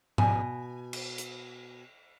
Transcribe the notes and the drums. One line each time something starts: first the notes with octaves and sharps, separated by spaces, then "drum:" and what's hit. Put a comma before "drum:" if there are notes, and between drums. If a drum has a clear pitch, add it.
B2 G#5, drum: tom G#2
drum: cymbal
drum: hi-hat